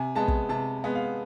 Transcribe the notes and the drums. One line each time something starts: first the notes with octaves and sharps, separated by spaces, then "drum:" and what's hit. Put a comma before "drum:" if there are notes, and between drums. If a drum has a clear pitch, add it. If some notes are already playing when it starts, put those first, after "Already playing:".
Already playing: C3 G#5
G#3 B3 A5
drum: kick
C3 A5
G#3 B3
F5